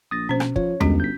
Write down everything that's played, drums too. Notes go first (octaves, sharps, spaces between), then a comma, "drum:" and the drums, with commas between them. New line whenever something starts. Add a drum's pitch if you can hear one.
A#1 D#6 A6 A#6
B2 C#4 C5
drum: rim click
F3 C#5, drum: kick
G1 C2 G#3 C#4 F#4, drum: tom E2
G6 B6